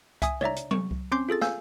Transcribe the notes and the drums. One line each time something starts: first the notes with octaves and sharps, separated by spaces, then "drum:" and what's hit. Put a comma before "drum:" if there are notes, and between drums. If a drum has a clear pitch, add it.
E5 G#5 D#6, drum: kick C2, hi-hat
C#5 D5 E5 A#5, drum: tom
drum: hi-hat
C#6, drum: tom F#3
drum: kick C2
C4 C#4 C6 D6 G6 C7
F4 G#4 A4 A6
F5 G#5 E6 G6, drum: snare